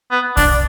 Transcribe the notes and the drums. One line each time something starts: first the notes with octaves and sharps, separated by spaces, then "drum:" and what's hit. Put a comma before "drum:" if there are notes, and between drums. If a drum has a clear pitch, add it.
B3
D4, drum: kick, open hi-hat